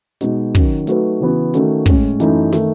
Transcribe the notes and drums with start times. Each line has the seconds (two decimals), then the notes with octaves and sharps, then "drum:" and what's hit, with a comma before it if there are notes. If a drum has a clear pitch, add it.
0.21 B2 G#3 B3 D#4 F#4, drum: hi-hat
0.55 D#3 F#3 C#4 F#4, drum: kick
0.87 F#3 A3 D#4 F#4 B4, drum: hi-hat
1.20 C#3 E3 B3 F#4
1.54 D#3 A3 C#4 F#4, drum: hi-hat
1.86 A2 G#3 C#4, drum: kick
2.20 F#2 E3 A3 D#4, drum: hi-hat
2.52 D#3 A3, drum: snare